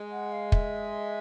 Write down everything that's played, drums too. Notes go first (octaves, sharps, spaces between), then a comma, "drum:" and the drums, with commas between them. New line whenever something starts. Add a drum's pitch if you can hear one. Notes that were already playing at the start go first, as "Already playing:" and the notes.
Already playing: G#3
F#5
F5
E5, drum: kick